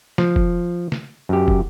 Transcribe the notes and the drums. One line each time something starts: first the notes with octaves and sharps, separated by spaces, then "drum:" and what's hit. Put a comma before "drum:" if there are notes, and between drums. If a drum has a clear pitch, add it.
F3, drum: snare
drum: kick
drum: snare
F#2 G4
drum: kick